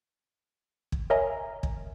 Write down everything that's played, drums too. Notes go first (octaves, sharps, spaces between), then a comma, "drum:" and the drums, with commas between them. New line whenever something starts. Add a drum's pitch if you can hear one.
drum: kick
A#4 C#5 D#5 E5 G#5 A#5
drum: kick